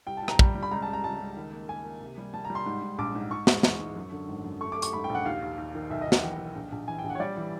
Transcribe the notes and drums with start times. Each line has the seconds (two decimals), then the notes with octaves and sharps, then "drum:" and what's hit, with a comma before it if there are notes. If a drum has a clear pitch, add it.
0.07 C2 G5
0.17 A5
0.22 C2
0.28 A#5, drum: rim click
0.39 G3, drum: kick
0.55 G3
0.63 B5
0.71 C#2 A#5
0.82 A5
0.88 C#2
0.93 A#5
1.04 C#2 A5
1.20 C#2
1.36 D#3
1.52 A#3
1.69 A#3 G#5
1.85 A#3
2.01 C3
2.18 G3
2.34 G3 A5
2.45 A#5
2.50 G3
2.55 C6
2.66 G#2
2.82 G#2
2.98 A#1 D6
3.15 G#2
3.31 G#2 C#6
3.47 G#3, drum: snare
3.63 E3, drum: snare
3.79 G#2
3.96 F#2
4.12 D3
4.28 G#1
4.44 F#2
4.60 A3 C#6
4.72 A3 D6
4.82 C#6, drum: hi-hat
4.93 G#2 B5
5.04 G5
5.09 A#1
5.15 F#5
5.25 D#2 F5
5.42 D#2
5.58 D#2
5.75 D#3
5.90 B1 E5
6.01 D#5
6.07 B1
6.12 F#5, drum: snare
6.23 E3 G5
6.39 B1
6.55 A#1
6.72 A#1
6.88 E3 G#5
6.99 G5
7.04 A#1
7.10 F#5
7.15 C#5
7.20 G3 D5
7.36 E3